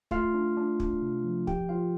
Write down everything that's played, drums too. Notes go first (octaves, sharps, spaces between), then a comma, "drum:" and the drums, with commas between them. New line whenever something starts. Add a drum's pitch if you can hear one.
A3 F4 F5, drum: kick
D4
D4
D4, drum: kick
C3
F3
F3 G4 G5, drum: kick
F3 F4 F5